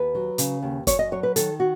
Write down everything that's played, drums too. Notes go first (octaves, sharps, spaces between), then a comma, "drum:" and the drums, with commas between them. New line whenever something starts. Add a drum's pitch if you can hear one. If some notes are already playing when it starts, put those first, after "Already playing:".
Already playing: D#2 B4
F#3
C#3, drum: hi-hat
D#2
F#2 C#5, drum: kick, hi-hat
D#5
F#3 C#5
B4
D#3 A4, drum: hi-hat
F#4